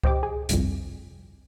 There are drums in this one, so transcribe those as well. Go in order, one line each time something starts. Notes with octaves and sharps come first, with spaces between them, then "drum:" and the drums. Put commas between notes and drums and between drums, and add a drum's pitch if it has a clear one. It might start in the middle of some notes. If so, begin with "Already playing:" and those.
G4 C5 D#5 G5 D6, drum: kick C#2
G#4
G1 C2 F2, drum: hi-hat